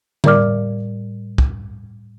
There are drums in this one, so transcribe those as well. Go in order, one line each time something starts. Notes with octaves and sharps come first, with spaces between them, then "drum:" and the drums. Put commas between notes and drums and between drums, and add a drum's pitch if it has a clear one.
A2 G3 A#4 D5 D6 F6, drum: tom D3
drum: kick